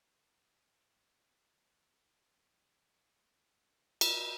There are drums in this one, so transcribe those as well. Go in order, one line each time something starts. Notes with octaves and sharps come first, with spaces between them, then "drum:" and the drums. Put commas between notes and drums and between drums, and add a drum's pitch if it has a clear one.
C3
C#4
A#5
A#4
C4
G#3
D3 F#3 D4
D#3 F3 A4 A#4 D5 D#5
drum: cymbal